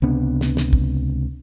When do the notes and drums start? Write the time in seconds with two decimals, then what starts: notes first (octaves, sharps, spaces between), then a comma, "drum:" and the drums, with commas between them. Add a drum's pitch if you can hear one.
0.02 C#2 C3 B3 D4
0.41 drum: snare
0.57 drum: snare
0.73 drum: kick